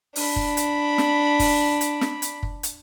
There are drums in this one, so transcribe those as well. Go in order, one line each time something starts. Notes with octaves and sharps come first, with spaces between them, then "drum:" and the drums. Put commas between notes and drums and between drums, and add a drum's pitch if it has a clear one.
D4 B5, drum: open hi-hat
drum: kick
drum: hi-hat
drum: snare
drum: kick, open hi-hat
drum: hi-hat
drum: snare
drum: hi-hat
drum: kick
drum: hi-hat